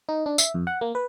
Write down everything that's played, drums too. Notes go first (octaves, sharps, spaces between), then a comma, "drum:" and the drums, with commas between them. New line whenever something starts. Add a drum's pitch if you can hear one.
D#4
D4
E5, drum: tambourine
F2
F#5
A#3
B4